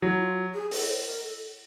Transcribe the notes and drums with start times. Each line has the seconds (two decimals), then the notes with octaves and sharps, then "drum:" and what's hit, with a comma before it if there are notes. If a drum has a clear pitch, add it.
0.02 F#3 E4
0.19 F4
0.54 G#4
0.71 A4, drum: open hi-hat
0.89 C5
1.06 A#4
1.23 A4